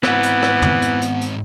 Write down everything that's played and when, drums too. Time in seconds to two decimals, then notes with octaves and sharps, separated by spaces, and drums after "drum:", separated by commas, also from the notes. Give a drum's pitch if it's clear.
0.03 G#2 E3 B3 C4 F#5, drum: rim click
0.23 drum: hi-hat
0.43 drum: rim click
0.62 drum: tom
0.82 drum: hi-hat
1.01 drum: hi-hat
1.21 drum: hi-hat